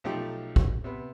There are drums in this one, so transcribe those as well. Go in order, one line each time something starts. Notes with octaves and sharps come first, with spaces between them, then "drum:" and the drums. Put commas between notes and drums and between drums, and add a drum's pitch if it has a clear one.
B1 F3 A3 D#4 G4 G5
drum: kick
C3 B3